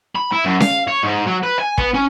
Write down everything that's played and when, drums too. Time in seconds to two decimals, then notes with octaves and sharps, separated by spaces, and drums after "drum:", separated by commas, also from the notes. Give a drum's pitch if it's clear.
0.16 B5
0.32 E4
0.45 F#2
0.60 F5, drum: snare C#4
0.88 C#5
1.03 G#2
1.27 F#3
1.43 B4
1.59 G#5
1.78 B3, drum: kick
1.94 C#4